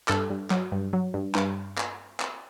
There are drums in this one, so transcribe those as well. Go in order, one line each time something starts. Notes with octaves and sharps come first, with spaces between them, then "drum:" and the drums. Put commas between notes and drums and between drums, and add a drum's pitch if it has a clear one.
G2 A4, drum: clap
G2
F#3, drum: clap
G2
F#3
G2
G2, drum: clap
drum: clap
drum: clap